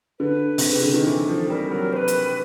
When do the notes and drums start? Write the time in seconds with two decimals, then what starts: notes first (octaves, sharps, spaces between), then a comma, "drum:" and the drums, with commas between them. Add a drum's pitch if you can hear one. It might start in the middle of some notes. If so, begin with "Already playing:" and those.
0.20 D3 B4
0.58 C3, drum: open hi-hat
0.70 C#3
0.82 D3
0.94 D#3
1.06 E3
1.28 F3 A4
1.50 G3 A#4
1.71 F#3 A#4
1.93 C5
1.97 B4
2.08 drum: hi-hat